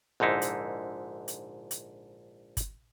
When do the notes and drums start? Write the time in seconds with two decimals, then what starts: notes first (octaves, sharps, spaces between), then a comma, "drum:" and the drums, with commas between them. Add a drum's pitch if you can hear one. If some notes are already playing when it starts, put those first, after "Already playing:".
0.20 A#1 G#2 D3 D#4 E4
0.42 drum: hi-hat
1.28 drum: hi-hat
1.71 drum: hi-hat
2.57 drum: kick G1, hi-hat